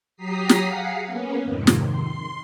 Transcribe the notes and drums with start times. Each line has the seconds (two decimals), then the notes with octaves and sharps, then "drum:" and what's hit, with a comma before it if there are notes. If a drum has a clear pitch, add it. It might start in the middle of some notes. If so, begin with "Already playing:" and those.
0.16 F#3 G4 A#5 D#6 B6 C7
0.49 drum: snare
0.65 G#4 F5 F#5
1.07 A#3 B3 C#4
1.43 F2 G#2 C3 D#3
1.67 drum: snare
1.83 C6